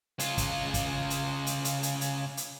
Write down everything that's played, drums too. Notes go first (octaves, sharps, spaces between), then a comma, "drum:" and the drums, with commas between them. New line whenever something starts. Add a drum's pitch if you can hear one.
C#3 F4, drum: hi-hat
drum: kick, hi-hat
drum: kick, hi-hat
drum: hi-hat
drum: hi-hat
drum: hi-hat
drum: hi-hat
drum: hi-hat
drum: hi-hat